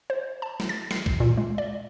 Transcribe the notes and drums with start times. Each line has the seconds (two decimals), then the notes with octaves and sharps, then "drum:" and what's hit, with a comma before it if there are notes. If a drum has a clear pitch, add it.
0.10 C5
0.42 A5
0.60 drum: snare
0.69 A6
0.91 C7, drum: snare
1.06 drum: kick
1.20 A#2
1.38 G#3
1.58 D5